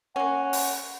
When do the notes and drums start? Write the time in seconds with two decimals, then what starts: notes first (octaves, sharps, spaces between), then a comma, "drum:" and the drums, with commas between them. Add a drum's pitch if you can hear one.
0.16 A#3 C#4 F#5
0.53 drum: open hi-hat